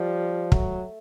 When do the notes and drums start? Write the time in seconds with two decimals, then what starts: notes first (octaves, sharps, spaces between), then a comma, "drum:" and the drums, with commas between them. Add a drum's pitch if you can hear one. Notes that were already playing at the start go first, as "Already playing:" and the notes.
Already playing: F3 G3
0.52 F#3 A3, drum: kick